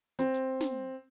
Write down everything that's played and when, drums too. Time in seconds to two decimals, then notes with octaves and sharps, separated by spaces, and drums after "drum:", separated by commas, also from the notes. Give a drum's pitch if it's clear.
0.19 C4, drum: hi-hat
0.34 drum: hi-hat
0.61 drum: snare